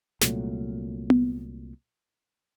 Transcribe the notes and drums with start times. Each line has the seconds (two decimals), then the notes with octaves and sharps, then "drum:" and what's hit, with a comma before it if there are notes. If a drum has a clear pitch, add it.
0.22 C2 A#2 F#3 A3, drum: snare
1.10 drum: tom B3